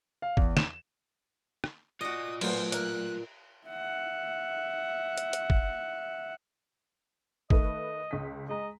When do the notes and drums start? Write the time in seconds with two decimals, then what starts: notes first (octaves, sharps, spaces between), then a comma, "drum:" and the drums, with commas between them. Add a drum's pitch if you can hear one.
0.22 F5
0.37 E2, drum: kick
0.57 E7, drum: snare
1.64 drum: rim click
2.01 F4 F#4 D5 D#5 D#6
2.41 A#2 F#3 A3 B3 C5, drum: cymbal
2.72 A#3 F#6, drum: hi-hat
3.68 E5 F#5
5.17 drum: hi-hat
5.33 drum: hi-hat
5.50 drum: kick
7.50 D#3 A3 B4 D#5, drum: kick
8.11 C#2 B6
8.49 G#3 D#5 A#5